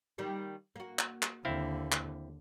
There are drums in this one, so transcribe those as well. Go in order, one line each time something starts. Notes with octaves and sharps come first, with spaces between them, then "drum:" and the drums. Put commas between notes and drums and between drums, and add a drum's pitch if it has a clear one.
D#3 G3 A#3
A#3 F#4
drum: clap
drum: clap
D#2 D3 C4 E4 F5
drum: clap